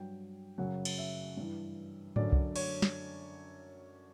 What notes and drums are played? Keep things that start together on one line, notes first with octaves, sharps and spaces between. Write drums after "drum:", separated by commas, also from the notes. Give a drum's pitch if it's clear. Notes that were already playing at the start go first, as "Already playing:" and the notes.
Already playing: G2 F#3 G5
F#2 C#3 F#3 F#5
drum: cymbal
E5
G2 E3
F#2 D3 F#3 D5, drum: tom G#2
drum: kick C2
C#5, drum: cymbal
drum: snare